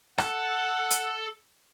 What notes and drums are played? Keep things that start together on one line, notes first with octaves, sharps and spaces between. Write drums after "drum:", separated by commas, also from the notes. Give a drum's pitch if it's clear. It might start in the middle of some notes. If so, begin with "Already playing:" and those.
A4 F#5, drum: rim click
drum: hi-hat